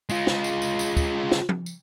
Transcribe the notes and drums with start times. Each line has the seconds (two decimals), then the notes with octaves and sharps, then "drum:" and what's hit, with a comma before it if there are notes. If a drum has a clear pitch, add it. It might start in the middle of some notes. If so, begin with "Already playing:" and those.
0.09 G#3 F4, drum: tambourine
0.27 drum: snare
0.44 drum: tambourine
0.62 drum: tambourine
0.79 drum: tambourine
0.97 drum: kick, tambourine
1.31 drum: snare
1.49 drum: tom F3
1.66 drum: tambourine